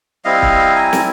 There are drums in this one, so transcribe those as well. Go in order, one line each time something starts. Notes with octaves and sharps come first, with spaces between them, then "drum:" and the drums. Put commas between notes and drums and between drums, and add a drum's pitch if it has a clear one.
G3 C4 E4 D#5 F5
drum: kick
G#5 A#5
drum: snare